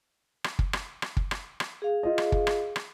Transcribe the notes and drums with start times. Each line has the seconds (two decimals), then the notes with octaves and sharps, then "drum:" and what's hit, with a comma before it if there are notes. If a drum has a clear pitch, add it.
0.44 drum: rim click
0.59 drum: kick
0.73 drum: rim click
1.02 drum: rim click
1.17 drum: kick
1.31 drum: rim click
1.60 drum: rim click
1.82 G#4 F5
2.03 F4 D#5
2.18 drum: rim click
2.32 drum: kick
2.47 drum: rim click
2.76 drum: rim click